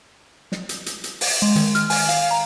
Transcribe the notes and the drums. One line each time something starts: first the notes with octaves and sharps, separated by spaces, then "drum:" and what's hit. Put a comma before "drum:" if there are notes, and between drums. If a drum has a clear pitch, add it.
drum: snare
drum: hi-hat
drum: hi-hat
drum: hi-hat
drum: open hi-hat
G#3
D#3, drum: hi-hat
F6, drum: hi-hat
G#5, drum: open hi-hat
F5, drum: hi-hat
A#5